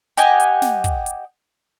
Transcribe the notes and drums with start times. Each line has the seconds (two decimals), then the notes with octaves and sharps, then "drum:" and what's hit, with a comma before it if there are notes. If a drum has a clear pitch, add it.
0.17 G4 D#5 F#5 G#5, drum: hi-hat
0.40 drum: hi-hat
0.62 drum: snare
0.84 drum: kick, hi-hat
1.06 drum: hi-hat